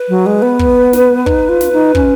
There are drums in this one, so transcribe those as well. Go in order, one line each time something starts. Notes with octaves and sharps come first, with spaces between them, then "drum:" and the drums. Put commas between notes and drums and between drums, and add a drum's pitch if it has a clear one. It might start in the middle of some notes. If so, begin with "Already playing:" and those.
Already playing: B4
F#3
G#3
B3
drum: kick
drum: snare
D#4, drum: kick
F4
drum: snare
D#4
C#4, drum: kick